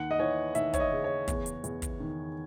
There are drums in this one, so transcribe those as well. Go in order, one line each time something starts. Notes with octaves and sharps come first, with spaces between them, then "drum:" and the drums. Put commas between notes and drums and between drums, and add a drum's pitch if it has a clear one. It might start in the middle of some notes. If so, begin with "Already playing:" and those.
Already playing: D#2 F#5
D#5
E3 C#5
D#2 E5, drum: hi-hat
C#5, drum: kick, hi-hat
D#5
C#3
C#5
E2, drum: kick, hi-hat
drum: hi-hat
E2, drum: hi-hat
drum: kick, hi-hat
D#3